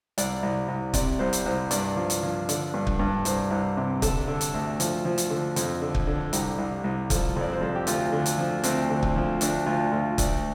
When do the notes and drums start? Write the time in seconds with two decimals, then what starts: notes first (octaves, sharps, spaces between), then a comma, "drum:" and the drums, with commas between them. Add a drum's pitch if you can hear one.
0.18 C2 D5, drum: hi-hat
0.43 C2
0.68 C2
0.94 C3 D5, drum: kick, hi-hat
1.19 C2 C5
1.33 drum: hi-hat
1.46 C2 C5
1.71 G2 D5, drum: hi-hat
1.96 F3
2.10 drum: hi-hat
2.23 F3
2.49 D3 D5, drum: hi-hat
2.74 G2
2.87 drum: kick
2.99 G2
3.25 C2 C5, drum: hi-hat
3.51 C2
3.77 C3
4.02 D3 A4, drum: kick, hi-hat
4.28 D3
4.41 drum: hi-hat
4.54 D2
4.80 F3, drum: hi-hat
5.05 F3
5.18 drum: hi-hat
5.30 D3
5.56 F2, drum: hi-hat
5.82 D3
5.95 drum: kick
6.07 D3
6.33 C2 G4, drum: hi-hat
6.58 C2
6.84 C2
7.10 F3 A4, drum: kick, hi-hat
7.36 F2 D5
7.53 C5
7.61 F2 A4
7.75 G4
7.87 D2 F4, drum: hi-hat
8.12 D3
8.26 drum: hi-hat
8.38 F3
8.63 D2 C4, drum: hi-hat
8.90 D3
9.03 drum: kick
9.16 F3
9.41 D2 D4, drum: hi-hat
9.66 D2 F4
9.92 D2 F4
10.18 D2 D5, drum: kick, hi-hat